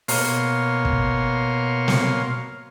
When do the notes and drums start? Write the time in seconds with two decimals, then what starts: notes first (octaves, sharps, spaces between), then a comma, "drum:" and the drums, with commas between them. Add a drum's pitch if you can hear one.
0.08 B2 A#3 C#5 F5 C6, drum: open hi-hat
0.85 drum: kick
1.88 drum: snare